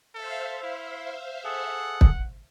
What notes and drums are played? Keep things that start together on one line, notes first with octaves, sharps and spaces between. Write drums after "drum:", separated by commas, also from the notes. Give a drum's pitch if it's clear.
A4 C5 E5 F5
E4
G#4 A4 F#5
drum: kick